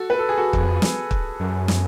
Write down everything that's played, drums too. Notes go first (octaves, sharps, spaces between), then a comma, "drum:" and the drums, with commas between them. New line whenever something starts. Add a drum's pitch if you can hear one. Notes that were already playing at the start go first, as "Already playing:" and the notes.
Already playing: F#4 A4
B4
A4
G#4
F#4 A4
F2, drum: kick
drum: snare
drum: kick
F#2
drum: snare